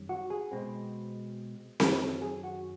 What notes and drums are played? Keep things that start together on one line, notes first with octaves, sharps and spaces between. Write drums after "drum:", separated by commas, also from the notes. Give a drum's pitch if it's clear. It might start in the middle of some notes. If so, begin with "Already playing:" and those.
Already playing: F#2 D#3 G3 C#4
F#4
G#4
B2 G#3 C4
F#2 D#3 F#3 A4, drum: snare C4
A4
G#4
F#4